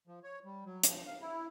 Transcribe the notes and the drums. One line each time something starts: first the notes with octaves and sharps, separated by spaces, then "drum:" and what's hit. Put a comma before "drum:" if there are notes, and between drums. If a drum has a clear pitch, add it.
F3
C#5
G3
F#3
F3, drum: hi-hat
F5
E4